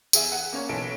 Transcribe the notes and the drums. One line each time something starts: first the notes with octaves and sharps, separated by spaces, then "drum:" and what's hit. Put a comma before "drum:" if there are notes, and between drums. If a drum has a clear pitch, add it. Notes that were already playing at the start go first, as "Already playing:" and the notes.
E2 G#4 E5 D#7, drum: tambourine
F#5
A#3 C#4 C#5
B1 E3 A4 D7